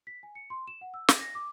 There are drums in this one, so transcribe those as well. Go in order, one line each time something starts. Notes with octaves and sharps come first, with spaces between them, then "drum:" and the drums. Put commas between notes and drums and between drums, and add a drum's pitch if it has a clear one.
B6
G#5
C#7
C6
E7
F#5
E6
D6, drum: snare
A#6
D6